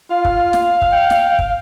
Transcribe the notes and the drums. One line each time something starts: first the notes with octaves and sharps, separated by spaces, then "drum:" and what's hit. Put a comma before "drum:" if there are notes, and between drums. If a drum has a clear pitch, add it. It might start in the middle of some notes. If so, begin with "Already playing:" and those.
F4 F5
drum: kick
drum: snare
drum: kick
G5
drum: snare
drum: kick